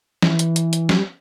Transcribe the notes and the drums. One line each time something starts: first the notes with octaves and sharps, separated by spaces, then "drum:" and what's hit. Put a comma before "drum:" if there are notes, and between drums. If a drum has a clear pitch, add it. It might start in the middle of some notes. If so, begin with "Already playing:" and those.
E3, drum: snare
drum: hi-hat
drum: hi-hat
drum: hi-hat
F#3, drum: snare
G3